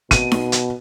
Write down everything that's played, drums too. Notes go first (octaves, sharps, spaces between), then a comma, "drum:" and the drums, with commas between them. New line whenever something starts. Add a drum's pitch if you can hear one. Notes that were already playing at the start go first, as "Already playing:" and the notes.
B2 D#7, drum: kick, hi-hat
drum: snare D#4
drum: hi-hat